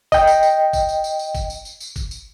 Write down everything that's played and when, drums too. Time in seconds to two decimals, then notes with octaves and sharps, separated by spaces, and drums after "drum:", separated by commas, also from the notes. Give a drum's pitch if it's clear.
0.12 D#5 G5, drum: kick G#1, tambourine
0.27 drum: tambourine
0.43 drum: tambourine
0.73 drum: kick G#1, tambourine
0.89 drum: tambourine
1.04 drum: tambourine
1.19 drum: tambourine
1.35 drum: kick G#1, tambourine
1.50 drum: tambourine
1.65 drum: tambourine
1.80 drum: tambourine
1.96 drum: kick G#1, tambourine
2.11 drum: tambourine